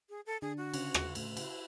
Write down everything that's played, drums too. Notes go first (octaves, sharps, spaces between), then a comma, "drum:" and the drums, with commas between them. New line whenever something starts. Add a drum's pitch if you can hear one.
G#4
A4
D3 D4 G#4
F#4
C#3 C#4, drum: cymbal
drum: rim click
A2 A3, drum: cymbal
C#3 E4, drum: cymbal